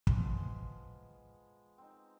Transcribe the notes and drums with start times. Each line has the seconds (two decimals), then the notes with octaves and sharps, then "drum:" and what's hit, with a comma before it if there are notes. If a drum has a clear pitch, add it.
0.07 F3 G#3 B3, drum: kick
1.78 C4 D#4